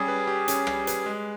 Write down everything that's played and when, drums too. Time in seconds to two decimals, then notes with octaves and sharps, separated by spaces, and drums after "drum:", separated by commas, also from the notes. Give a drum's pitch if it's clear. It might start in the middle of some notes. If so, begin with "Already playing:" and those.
Already playing: G3 C#4 G4 G#4
0.08 B4
0.27 G4
0.48 C#4, drum: hi-hat
0.67 G3, drum: rim click
0.87 B4, drum: hi-hat
1.06 G#3